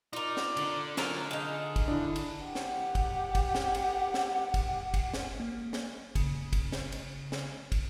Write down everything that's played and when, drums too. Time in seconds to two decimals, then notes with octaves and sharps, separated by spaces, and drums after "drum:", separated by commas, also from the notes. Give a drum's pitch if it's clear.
0.13 D#4 F4 A#4 D5
0.37 drum: snare
0.57 D3, drum: cymbal
0.97 F#3 F4 A#4, drum: snare
1.31 D#4 G#4 F5
1.76 drum: kick, cymbal
1.88 D4 E4
2.16 drum: cymbal
2.45 G4 F#5
2.55 drum: snare
2.95 drum: kick, cymbal
3.35 drum: kick, cymbal
3.55 drum: snare
3.75 drum: cymbal
4.14 drum: snare
4.54 drum: kick, cymbal
4.94 drum: kick, cymbal
5.14 drum: snare
5.40 A#3
5.73 drum: snare
6.15 C#3, drum: kick, cymbal
6.53 drum: kick, cymbal
6.72 drum: snare
6.92 drum: cymbal
7.32 drum: snare
7.72 drum: kick, cymbal